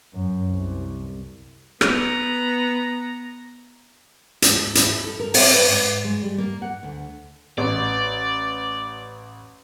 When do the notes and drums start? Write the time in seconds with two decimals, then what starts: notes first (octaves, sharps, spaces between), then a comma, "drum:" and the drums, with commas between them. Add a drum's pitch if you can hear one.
0.13 F#2
0.50 C2
1.81 B3 A#5, drum: rim click
4.42 G#2, drum: hi-hat
4.75 E4, drum: hi-hat
5.04 A4
5.20 A#4
5.34 C4, drum: open hi-hat
5.54 B4
5.67 G#2
6.04 G#3
6.23 G3
6.38 A#3
6.62 F#5
6.83 D2
7.58 A1 D5